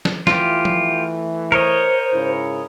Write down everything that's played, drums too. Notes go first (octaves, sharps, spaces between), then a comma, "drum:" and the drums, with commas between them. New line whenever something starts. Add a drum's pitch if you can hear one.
drum: snare
E3 A3 F4 G4, drum: snare
drum: tom F3
A#4 C5 C#5 D#5
G#2 C#3 E4